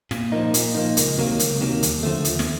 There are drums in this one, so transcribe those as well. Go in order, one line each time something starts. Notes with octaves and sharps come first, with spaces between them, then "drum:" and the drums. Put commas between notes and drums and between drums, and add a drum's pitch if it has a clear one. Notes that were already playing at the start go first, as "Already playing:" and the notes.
A#2, drum: snare
F3 A#3 D#4
A#2, drum: hi-hat
F3 A#3 D#4
C#2, drum: hi-hat
C3 D#3 F#3 A#3
C#2, drum: hi-hat
C3 D#3 F#3 A#3
D#2, drum: hi-hat
D3 F3 A3
D#2, drum: hi-hat
drum: snare